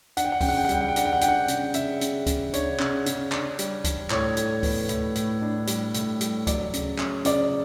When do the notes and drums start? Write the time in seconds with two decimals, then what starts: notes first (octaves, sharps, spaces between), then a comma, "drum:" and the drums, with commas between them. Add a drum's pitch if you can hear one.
0.17 D4 F#5, drum: hi-hat
0.25 G5
0.32 F#5
0.41 C#3 G5, drum: kick C#2, open hi-hat
0.49 F#5
0.57 G5
0.65 F#5
0.69 G3 G5, drum: hi-hat
0.81 F#5
0.88 G5
0.96 D4 F#5, drum: hi-hat
1.05 G5
1.13 F#5
1.21 D4 G5, drum: hi-hat
1.28 F#5
1.48 C#3, drum: hi-hat
1.74 C#3 E5, drum: hi-hat
2.01 C#3, drum: hi-hat
2.26 C#3, drum: kick C#2, hi-hat
2.53 D4 C#5, drum: hi-hat
2.80 C#3, drum: clap
3.06 C#3, drum: hi-hat
3.32 D4, drum: clap
3.59 G3, drum: hi-hat
3.84 D4, drum: kick C#2, hi-hat
4.10 A2 C#5, drum: clap
4.37 A2, drum: hi-hat
4.63 B3, drum: kick C#2, open hi-hat
4.89 A2, drum: hi-hat
5.15 A2, drum: hi-hat
5.42 D4
5.67 G3, drum: hi-hat
5.94 A2, drum: hi-hat
6.21 G3, drum: hi-hat
6.47 F#3 D5, drum: kick C#2, hi-hat
6.73 C#3, drum: hi-hat
6.99 C#4, drum: clap
7.25 C#3 D5, drum: hi-hat